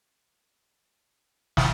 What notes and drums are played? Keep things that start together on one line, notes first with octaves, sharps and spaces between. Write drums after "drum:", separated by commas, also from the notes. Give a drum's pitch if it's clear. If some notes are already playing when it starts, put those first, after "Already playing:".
G3 C4 F5
drum: snare